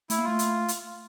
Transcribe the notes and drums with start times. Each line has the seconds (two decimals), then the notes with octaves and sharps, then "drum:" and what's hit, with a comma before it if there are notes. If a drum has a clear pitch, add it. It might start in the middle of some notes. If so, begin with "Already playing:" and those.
0.10 A3 E4, drum: hi-hat
0.18 A#3
0.24 A3 F4
0.39 drum: hi-hat
0.68 drum: hi-hat